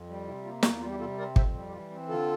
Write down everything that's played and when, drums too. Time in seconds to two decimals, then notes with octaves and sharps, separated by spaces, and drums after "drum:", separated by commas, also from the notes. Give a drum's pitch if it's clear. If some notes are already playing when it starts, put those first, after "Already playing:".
Already playing: F2
0.08 G3
0.27 C3 E4
0.44 A#3 F4
0.63 E2 F4, drum: snare
0.73 E4
0.81 G3 F4
0.90 E4 G4
0.99 C3 F4 A4
1.18 C4 A#4 D5
1.36 F2 C5 E5, drum: kick
1.54 G3
1.68 G4
1.72 E3 F4
1.90 C4
2.09 D3 F4 A4